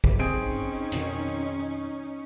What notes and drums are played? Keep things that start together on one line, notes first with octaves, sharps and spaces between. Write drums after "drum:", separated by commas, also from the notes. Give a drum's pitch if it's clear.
drum: kick
C4 C#4 D#4 G#4 D7
F2 B2 D#3, drum: hi-hat